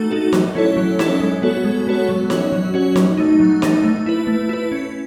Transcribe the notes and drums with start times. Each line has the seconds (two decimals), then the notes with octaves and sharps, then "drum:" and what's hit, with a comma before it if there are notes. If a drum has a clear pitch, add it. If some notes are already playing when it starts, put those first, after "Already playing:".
Already playing: A3 D#4 F#4 A4
0.11 D#4 F#4 A4
0.33 F#3, drum: snare
0.55 C#4 E4 A4 C#5
0.77 F#3
0.99 C#4 E4 A4 C#5, drum: snare
1.20 G#3
1.42 B3 F#4 A4 C#5
1.64 G#3
1.87 B3 F#4 A4 C#5
2.09 F#3
2.30 C#4 F#4 C#5, drum: snare
2.52 F#3
2.74 C#4 F#4 C#5
2.96 F#3, drum: snare
3.17 A3 D#4
3.40 F#3
3.62 A3 D#4, drum: snare
3.84 A3
4.06 E4 B4
4.27 A3
4.49 E4 B4
4.72 C#4